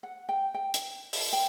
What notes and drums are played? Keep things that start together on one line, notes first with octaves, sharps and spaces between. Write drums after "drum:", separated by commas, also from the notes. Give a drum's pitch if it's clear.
F#5
G5
G5
drum: hi-hat
drum: open hi-hat
G5